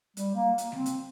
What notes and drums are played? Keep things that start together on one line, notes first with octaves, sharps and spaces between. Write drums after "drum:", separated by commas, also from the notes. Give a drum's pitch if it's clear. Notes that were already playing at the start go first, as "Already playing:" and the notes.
G3, drum: hi-hat
A#3
drum: hi-hat
C4, drum: snare G3
drum: hi-hat